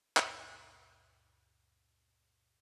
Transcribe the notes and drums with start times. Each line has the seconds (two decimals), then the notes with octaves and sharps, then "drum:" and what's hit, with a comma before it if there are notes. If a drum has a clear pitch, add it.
0.17 C#2 F#2 A#2, drum: clap